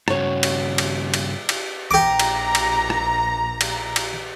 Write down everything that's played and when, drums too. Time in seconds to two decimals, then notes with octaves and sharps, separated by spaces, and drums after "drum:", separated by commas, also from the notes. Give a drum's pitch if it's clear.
0.08 G2 C#3 F#4 C#5, drum: rim click
0.43 drum: cymbal
0.78 drum: cymbal
1.14 drum: cymbal
1.49 drum: cymbal
1.91 A#1 G4 A#5 D6
2.19 drum: cymbal
2.55 drum: cymbal
2.90 drum: rim click
3.61 drum: cymbal
3.96 drum: cymbal